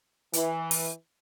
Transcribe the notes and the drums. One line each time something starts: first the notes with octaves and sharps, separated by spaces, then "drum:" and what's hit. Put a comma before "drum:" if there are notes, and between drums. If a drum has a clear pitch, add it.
E3, drum: hi-hat
drum: open hi-hat